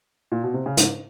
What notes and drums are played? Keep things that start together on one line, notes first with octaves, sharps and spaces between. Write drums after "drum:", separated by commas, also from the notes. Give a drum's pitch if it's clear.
A#2
B2
C3
C#3
G#2, drum: hi-hat